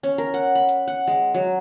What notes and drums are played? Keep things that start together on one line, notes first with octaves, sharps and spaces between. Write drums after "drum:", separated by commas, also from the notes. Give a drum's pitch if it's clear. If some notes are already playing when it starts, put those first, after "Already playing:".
C#4, drum: hi-hat
A#4, drum: hi-hat
F#5, drum: hi-hat
B5
drum: hi-hat
F#5, drum: hi-hat
G#3
F#3, drum: hi-hat